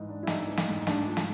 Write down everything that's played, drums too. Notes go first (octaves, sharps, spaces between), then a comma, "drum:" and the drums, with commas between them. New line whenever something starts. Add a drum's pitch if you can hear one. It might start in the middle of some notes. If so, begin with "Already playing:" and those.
Already playing: G#2 E3 D#4
D4
E4
A3 D#4, drum: snare
E3
drum: snare
G#2
A3 D4, drum: snare
F3
drum: snare